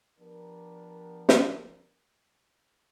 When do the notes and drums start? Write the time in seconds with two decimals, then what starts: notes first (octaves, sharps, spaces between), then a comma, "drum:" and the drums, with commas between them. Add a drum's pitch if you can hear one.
0.19 F3 B3 D4 G4 A#4
1.29 drum: snare